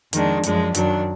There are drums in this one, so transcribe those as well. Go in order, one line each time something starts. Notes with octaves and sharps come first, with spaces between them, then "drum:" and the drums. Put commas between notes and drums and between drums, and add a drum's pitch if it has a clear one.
F2 D#3 G#3 D4, drum: hi-hat
F#2 F3 G#3 D4, drum: hi-hat
F#2 D#3 F#3 D4, drum: hi-hat